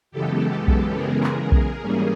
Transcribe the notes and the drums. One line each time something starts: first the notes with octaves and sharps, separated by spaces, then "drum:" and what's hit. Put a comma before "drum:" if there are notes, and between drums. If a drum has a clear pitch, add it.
F#2 C#3 E3 G#3 B3 G4 A4
drum: kick B1
G#4 A#4
drum: clap
drum: kick B1
G#2 E3 G3 A#3 C#4